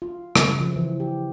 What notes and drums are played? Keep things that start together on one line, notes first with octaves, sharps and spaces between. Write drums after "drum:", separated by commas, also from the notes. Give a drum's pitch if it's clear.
F4
C#3, drum: rim click
F3
E3
G4